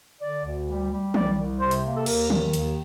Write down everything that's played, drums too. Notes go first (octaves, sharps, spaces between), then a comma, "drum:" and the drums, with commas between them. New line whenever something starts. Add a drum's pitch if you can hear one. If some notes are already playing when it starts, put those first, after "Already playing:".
D3 D5
D2
G3
G3
C2 D5, drum: tom
C2
C3 C5
drum: hi-hat
A#3
A4
D#2 A#4, drum: cymbal
D#3, drum: tom
D#2, drum: hi-hat